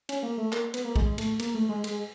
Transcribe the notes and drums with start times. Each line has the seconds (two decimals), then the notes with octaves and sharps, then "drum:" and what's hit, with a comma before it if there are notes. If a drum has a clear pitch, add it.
0.09 C#4, drum: cymbal
0.23 A#3
0.38 A3
0.52 A#3, drum: clap
0.74 B3, drum: cymbal
0.84 A#3
0.96 G#3, drum: kick
1.18 A3, drum: cymbal
1.39 A#3, drum: cymbal
1.54 A3
1.69 G#3
1.84 G#3, drum: cymbal